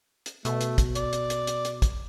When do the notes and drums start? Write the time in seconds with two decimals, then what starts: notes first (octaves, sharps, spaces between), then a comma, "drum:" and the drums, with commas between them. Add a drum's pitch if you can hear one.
0.26 drum: hi-hat
0.45 B2 A3, drum: hi-hat
0.61 drum: hi-hat
0.78 drum: kick, hi-hat
0.95 D5, drum: hi-hat
1.13 drum: hi-hat
1.30 drum: hi-hat
1.47 drum: hi-hat
1.65 drum: hi-hat
1.82 drum: kick, hi-hat